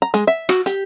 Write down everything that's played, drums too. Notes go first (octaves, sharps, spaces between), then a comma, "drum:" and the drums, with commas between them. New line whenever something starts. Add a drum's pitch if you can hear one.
A#5
G#3, drum: hi-hat
E5
F#4, drum: rim click
G4, drum: hi-hat